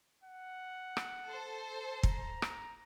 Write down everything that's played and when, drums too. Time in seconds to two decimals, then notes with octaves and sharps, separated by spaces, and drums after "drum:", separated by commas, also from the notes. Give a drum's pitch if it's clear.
0.24 F#5
0.97 drum: rim click
1.25 A4 C5
2.03 A#5, drum: kick
2.42 drum: rim click